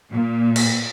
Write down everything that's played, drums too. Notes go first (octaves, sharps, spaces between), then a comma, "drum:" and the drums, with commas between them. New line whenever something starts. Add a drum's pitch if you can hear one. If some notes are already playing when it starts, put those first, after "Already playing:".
A#2
drum: cymbal